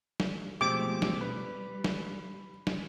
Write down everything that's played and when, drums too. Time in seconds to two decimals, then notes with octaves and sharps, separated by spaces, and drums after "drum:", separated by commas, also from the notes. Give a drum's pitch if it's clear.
0.20 drum: snare
0.61 B2 F3 G#3 A3 C4 G4 D6
1.02 drum: snare
1.21 G3 B4
1.84 drum: snare
2.67 drum: snare